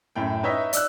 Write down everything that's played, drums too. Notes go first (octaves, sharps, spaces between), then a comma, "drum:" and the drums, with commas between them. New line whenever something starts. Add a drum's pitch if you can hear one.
F#2 A2 G5
D#4 B4 C#5 D#5 E5
D5 E6 F#6, drum: hi-hat